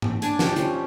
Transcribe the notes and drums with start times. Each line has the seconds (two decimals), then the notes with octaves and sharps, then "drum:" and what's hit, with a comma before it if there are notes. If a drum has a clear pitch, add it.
0.02 drum: tom
0.22 D4 G#5 A5, drum: hi-hat
0.39 F3 G4, drum: snare
0.56 F3 G3 C#4 F4, drum: hi-hat